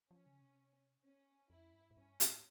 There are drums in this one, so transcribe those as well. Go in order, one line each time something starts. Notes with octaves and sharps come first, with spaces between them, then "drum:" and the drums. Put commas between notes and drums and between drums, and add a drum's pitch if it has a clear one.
F3 C#4
C#3
C3
C#4
F2 E4
G2
G#2
G2 C#4
G#2, drum: hi-hat